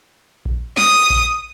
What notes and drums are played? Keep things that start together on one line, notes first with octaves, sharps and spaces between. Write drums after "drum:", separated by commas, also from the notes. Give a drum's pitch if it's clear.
drum: kick A#1
D#6, drum: snare
drum: kick A#1